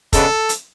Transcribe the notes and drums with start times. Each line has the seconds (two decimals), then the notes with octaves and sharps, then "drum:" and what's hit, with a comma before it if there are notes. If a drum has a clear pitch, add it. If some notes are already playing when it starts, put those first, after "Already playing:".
0.13 C#3 G#3 B3 D4 A4, drum: kick, hi-hat
0.49 drum: hi-hat